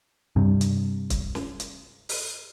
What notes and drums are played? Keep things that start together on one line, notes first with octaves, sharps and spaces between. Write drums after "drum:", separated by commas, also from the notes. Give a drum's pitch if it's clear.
G2 C3
drum: hi-hat
drum: kick C#1, hi-hat
drum: snare
drum: hi-hat
drum: open hi-hat